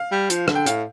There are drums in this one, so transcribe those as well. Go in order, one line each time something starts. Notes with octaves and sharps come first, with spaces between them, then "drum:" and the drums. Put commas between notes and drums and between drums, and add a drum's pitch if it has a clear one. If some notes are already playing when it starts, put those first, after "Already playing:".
Already playing: F5
G3
F3, drum: hi-hat
D3, drum: rim click
G5
A2 F5, drum: hi-hat